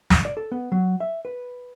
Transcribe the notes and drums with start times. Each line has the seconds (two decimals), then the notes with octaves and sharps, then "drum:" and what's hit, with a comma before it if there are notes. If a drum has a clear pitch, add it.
0.10 drum: snare
0.25 D5
0.37 A4
0.52 B3
0.72 F#3
1.00 E5
1.25 B4